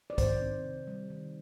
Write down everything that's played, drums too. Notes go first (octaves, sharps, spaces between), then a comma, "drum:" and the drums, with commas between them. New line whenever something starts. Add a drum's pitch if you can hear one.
D5
D#3 C5, drum: kick, hi-hat
C4
C3
G3
D#3